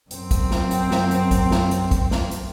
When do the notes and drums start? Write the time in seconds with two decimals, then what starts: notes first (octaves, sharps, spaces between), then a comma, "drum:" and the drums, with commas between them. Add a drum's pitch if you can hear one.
0.11 F#2 C4, drum: hi-hat
0.31 drum: kick, hi-hat
0.51 drum: snare
0.71 drum: hi-hat
0.91 drum: snare
1.11 drum: hi-hat
1.31 drum: kick, hi-hat
1.51 drum: snare
1.71 drum: hi-hat
1.91 drum: kick, hi-hat
2.11 drum: snare
2.31 drum: hi-hat